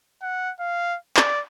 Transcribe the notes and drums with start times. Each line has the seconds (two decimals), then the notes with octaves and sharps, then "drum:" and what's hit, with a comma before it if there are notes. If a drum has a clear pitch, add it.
0.22 F#5
0.59 F5
1.17 D5, drum: clap